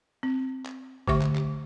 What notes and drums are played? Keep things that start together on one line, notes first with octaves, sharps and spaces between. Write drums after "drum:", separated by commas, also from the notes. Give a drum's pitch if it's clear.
C4
drum: clap
D3 A3 G4 C5 E5 C#6, drum: kick
drum: clap
drum: clap